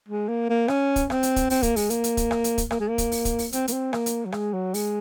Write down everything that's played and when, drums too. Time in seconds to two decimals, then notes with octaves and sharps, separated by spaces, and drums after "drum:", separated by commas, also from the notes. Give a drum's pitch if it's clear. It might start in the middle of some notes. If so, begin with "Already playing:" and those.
0.08 G#3
0.28 A#3
0.49 A#3
0.68 C#4, drum: rim click
0.96 drum: kick, hi-hat
1.10 C4, drum: rim click
1.23 drum: hi-hat
1.36 drum: kick, hi-hat
1.50 C4, drum: open hi-hat
1.63 A#3, drum: kick, hi-hat
1.76 G#3, drum: open hi-hat
1.90 A#3, drum: hi-hat
2.04 drum: hi-hat
2.17 drum: kick, hi-hat
2.31 drum: rim click
2.44 drum: hi-hat
2.58 drum: kick, hi-hat
2.71 A#3, drum: rim click
2.80 G#3
2.88 A#3
2.98 drum: kick, hi-hat
3.12 drum: open hi-hat
3.25 drum: kick, hi-hat
3.39 drum: open hi-hat
3.53 C4, drum: hi-hat
3.68 A#3, drum: hi-hat
3.73 C4
3.93 A#3, drum: rim click
4.06 drum: hi-hat
4.25 F#3
4.32 G#3, drum: rim click
4.53 F#3
4.74 G#3, drum: open hi-hat